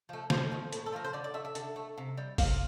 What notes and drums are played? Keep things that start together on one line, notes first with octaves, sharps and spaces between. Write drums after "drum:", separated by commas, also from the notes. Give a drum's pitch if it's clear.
F3 A3
A2 C5, drum: snare
F3 A3
A2, drum: hi-hat
A4
F3 A3 A#4
C5
D3 D5
D5
A3 E5
E5
D3, drum: hi-hat
A3
C3
G3
C3 F4, drum: kick, open hi-hat